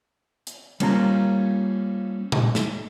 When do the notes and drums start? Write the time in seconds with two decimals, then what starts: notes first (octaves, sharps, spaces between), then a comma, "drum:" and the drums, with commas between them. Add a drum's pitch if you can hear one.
0.47 drum: hi-hat
0.80 G3 A#3 C#4 F4 G#5 A#5, drum: cymbal
2.32 drum: tom A#2
2.55 drum: snare